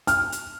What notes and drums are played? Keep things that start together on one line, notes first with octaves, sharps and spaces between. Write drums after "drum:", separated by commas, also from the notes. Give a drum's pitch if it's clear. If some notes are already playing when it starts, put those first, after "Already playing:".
F6, drum: hi-hat
drum: hi-hat